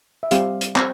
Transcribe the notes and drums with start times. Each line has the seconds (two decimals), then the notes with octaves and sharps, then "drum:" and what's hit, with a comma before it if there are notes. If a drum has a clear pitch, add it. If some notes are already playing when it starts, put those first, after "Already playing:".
0.23 E5
0.31 G3 C4 G4 F5, drum: hi-hat
0.61 drum: hi-hat
0.76 C4, drum: clap